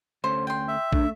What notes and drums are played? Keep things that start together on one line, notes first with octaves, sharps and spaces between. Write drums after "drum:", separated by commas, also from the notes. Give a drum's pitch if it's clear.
D2 A3 C#4 C5
G5 C6
E5
A3 D4, drum: kick